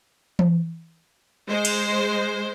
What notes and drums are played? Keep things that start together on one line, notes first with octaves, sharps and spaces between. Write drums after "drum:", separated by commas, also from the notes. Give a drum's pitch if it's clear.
drum: tom E3
G#3 C5
drum: cymbal